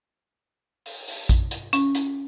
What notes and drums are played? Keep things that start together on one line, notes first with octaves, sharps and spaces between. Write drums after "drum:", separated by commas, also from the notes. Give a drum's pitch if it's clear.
drum: open hi-hat
drum: open hi-hat
drum: kick A#1, hi-hat
drum: hi-hat
C#4, drum: hi-hat
drum: hi-hat